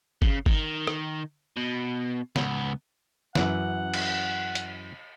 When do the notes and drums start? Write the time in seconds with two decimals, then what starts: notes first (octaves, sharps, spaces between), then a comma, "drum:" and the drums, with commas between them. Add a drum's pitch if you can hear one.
0.22 C#3, drum: kick G1
0.46 D#3, drum: kick G1
0.87 drum: rim click
1.57 B2
2.36 C#2 B3, drum: snare
3.35 F#2 E3 F#5, drum: snare
3.94 drum: cymbal
4.55 drum: hi-hat